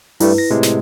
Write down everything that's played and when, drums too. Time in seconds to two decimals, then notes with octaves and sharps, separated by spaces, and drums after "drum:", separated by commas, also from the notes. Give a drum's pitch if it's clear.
0.20 G2 G3 A3 E4 B4, drum: open hi-hat
0.38 A#6
0.50 A2 C3 G#3
0.63 drum: snare